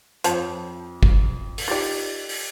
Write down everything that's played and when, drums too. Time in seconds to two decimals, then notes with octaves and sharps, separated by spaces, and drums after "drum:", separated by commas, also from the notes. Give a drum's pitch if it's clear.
0.24 F2 C5 C#5 A5, drum: hi-hat
1.03 drum: kick
1.58 drum: open hi-hat
1.68 D#4 F4 G4 D5 A6
2.29 drum: open hi-hat